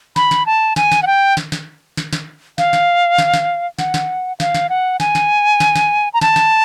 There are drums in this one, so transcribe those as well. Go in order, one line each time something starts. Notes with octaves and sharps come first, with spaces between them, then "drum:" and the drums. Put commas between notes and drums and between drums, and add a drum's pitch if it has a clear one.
B5, drum: snare
drum: snare
A5
G#5, drum: snare
drum: snare
F#5
G5
drum: snare
drum: snare
drum: snare
drum: snare
F5, drum: snare
drum: snare
drum: snare
drum: snare
F#5, drum: snare
drum: snare
F5, drum: snare
drum: snare
F#5
G#5, drum: snare
drum: snare
drum: snare
drum: snare
A#5
A5, drum: snare
drum: snare